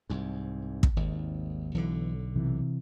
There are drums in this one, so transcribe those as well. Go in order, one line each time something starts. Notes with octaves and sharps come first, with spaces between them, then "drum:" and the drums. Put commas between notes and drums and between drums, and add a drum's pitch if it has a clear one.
C2 G#2
drum: kick
G#1 D#2
B1 D3 E3
C3 E3